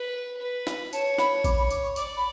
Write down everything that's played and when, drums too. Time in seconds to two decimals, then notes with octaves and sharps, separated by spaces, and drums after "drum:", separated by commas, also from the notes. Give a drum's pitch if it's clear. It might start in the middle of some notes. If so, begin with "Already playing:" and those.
Already playing: B4
0.41 B4
0.67 drum: snare
0.93 C#5 A5, drum: tambourine
1.18 B5, drum: snare
1.44 D6, drum: kick A1, tambourine
1.58 B5
1.71 D6, drum: tambourine
1.83 C#6
1.96 D5 D6, drum: tambourine
2.17 B5